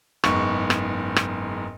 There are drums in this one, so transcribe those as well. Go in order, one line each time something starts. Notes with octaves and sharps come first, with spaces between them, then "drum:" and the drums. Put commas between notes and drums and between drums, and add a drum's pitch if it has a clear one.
F#1 G#2 B3 C#6, drum: rim click
drum: rim click
drum: rim click